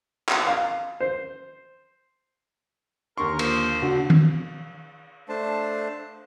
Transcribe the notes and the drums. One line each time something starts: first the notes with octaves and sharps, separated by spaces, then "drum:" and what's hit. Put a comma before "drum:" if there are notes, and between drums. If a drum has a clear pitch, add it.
drum: clap
F5
C5
D#2 D3 A#4 C6 C#6
F3 A#3 C5, drum: cymbal
C#3 D4 F#4
drum: tom D#3
A3 D4 C5 A5